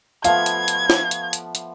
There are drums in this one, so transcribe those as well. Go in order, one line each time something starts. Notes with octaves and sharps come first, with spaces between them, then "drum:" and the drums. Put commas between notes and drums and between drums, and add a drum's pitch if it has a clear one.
F3 A3 B3 F5 G#6, drum: hi-hat
drum: hi-hat
drum: hi-hat
drum: snare
drum: hi-hat
drum: hi-hat
drum: hi-hat